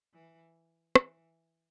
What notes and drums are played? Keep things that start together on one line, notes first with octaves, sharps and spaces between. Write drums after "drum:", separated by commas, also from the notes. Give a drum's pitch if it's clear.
E3
E3, drum: rim click